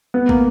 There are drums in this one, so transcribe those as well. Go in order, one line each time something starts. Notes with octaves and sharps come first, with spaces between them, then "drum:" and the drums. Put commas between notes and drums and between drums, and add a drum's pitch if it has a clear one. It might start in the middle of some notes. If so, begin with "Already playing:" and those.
B3
A#3, drum: kick